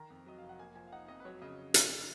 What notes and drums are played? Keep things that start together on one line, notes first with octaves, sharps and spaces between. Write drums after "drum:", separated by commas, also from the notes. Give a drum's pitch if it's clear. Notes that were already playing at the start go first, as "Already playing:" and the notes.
Already playing: D#3 A#5
F2
F#3 D#5
F1 F5
F#5
A#3 G#5
F3 G#5
F5
D#4 F#5
F2 D#5
B4
F#3 C#5
C#3 D#5
drum: hi-hat